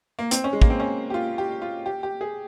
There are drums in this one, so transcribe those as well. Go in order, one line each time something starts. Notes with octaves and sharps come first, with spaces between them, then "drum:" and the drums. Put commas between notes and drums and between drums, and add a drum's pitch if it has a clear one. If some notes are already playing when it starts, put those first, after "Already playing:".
A#3
C4, drum: hi-hat
C#4
G#3
A#3, drum: kick
C4
C#4
G4
F4
G4
F4
G4
G4
G#4